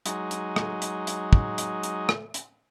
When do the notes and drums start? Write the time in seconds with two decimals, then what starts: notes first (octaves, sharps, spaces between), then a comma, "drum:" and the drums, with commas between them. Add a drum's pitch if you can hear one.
0.06 F#3 G#3 D#4, drum: hi-hat
0.31 drum: hi-hat
0.56 drum: rim click
0.82 drum: hi-hat
1.07 drum: hi-hat
1.33 drum: kick
1.58 drum: hi-hat
1.83 drum: hi-hat
2.09 drum: rim click
2.34 drum: hi-hat